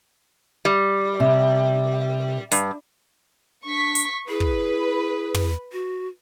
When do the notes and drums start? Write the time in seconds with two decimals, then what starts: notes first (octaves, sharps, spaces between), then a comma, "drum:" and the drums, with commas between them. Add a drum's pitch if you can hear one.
0.65 G3
1.20 C3
2.51 G2, drum: hi-hat
3.65 D4 C#6 B6
3.95 drum: hi-hat
4.29 E4 G#4 B4
4.40 drum: kick
5.34 drum: tom
5.72 F#4